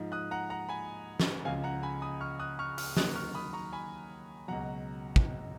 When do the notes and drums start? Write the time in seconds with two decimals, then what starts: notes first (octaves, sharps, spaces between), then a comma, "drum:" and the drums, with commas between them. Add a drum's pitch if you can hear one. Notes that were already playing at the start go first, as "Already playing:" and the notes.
Already playing: G#2 F3
0.12 D#6 F#6
0.31 F#5 A#5
0.50 F#5 A#5
0.69 G#5 B5
1.20 drum: snare
1.45 C#2 C#3 F3 F5 G#5
1.64 F#5 A#5
1.83 G#5 B5
2.02 B5 D#6
2.21 C#6 F6
2.40 D#6 F#6
2.59 C#6 F6
2.78 C#6 F6, drum: open hi-hat
2.97 D#2 D#3 F#3 D#6 F#6, drum: snare
3.15 C#6 F6
3.35 B5 D#6
3.53 A#5 C#6
3.73 G#5 B5
4.48 C#2 B2 F#3 F#5 A#5
5.16 drum: kick